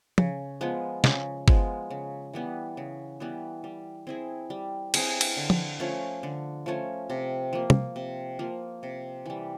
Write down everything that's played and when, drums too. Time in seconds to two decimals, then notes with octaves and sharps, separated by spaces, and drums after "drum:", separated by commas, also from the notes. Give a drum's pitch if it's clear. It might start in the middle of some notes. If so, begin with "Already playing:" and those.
0.18 C#3, drum: tom
0.61 F3 G#3 B3
1.04 C#3, drum: snare
1.48 F3 G#3 B3, drum: kick G1
1.90 C#3
2.33 E3 G3 B3
2.77 C#3
3.20 E3 G3 B3
3.64 G3
4.07 C4 E4 G#4
4.50 G3
4.94 C4 E4 G#4, drum: cymbal
5.21 drum: cymbal
5.37 D3
5.50 drum: tom
5.80 F3 A3 C#4
6.23 D3
6.66 F3 A3 C#4
7.10 C3
7.53 F3 A#3
7.70 drum: tom
7.96 C3
8.39 F3 A#3
8.83 C3
9.26 E3 G3